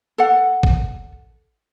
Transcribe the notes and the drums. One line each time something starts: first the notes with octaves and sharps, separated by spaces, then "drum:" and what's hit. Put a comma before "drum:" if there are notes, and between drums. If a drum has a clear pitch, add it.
A4 F#5
drum: kick A1